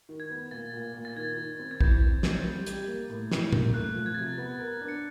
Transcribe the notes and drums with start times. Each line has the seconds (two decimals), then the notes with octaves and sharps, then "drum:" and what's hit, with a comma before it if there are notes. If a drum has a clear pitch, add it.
0.09 D#3
0.20 G#6
0.30 B3
0.51 A#2 A6
0.73 A#2
0.94 A#2
1.05 A6
1.17 D#3 G#6
1.38 D#3
1.59 C4
1.71 G#6
1.81 E3 G6, drum: kick A#1
2.02 C4
2.23 C4, drum: snare
2.45 G3
2.66 G4, drum: hi-hat
2.88 A#3
3.09 A2
3.31 E3, drum: snare
3.53 A#3, drum: tom A#2
3.74 A3 F#6
3.95 F3
4.06 G#6
4.14 C3 A6
4.22 G#6
4.38 B3 A6
4.60 A#4
4.81 D4
4.88 C#7